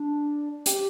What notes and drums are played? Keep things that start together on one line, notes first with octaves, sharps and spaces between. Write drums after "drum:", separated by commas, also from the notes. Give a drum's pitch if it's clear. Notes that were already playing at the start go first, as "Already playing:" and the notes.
Already playing: D4
G4, drum: hi-hat